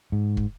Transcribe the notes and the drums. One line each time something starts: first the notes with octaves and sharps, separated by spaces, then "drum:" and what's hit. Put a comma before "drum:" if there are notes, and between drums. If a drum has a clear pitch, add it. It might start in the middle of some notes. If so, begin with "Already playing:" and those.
G#2
drum: kick